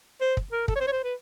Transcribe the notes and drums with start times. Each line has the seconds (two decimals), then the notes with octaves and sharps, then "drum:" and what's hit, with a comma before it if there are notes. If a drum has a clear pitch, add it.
0.21 C5
0.37 drum: kick
0.52 A#4
0.68 A4, drum: kick
0.76 C#5
0.80 C5
0.87 C#5
0.92 C5
1.04 B4